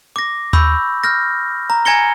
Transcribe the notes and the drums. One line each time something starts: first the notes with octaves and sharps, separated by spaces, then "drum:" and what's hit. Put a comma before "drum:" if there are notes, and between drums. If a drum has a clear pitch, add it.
D6 A#6
B5 C#6 E6 G6, drum: tom D#2
F6 G6 A#6
A#5
G#5 A#5 G#6 A#6 C#7 G7